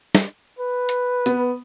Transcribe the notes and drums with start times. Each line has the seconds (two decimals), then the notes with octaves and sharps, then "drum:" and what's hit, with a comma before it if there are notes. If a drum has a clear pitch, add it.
0.15 drum: snare
0.59 B4
0.89 drum: hi-hat
1.26 B3, drum: hi-hat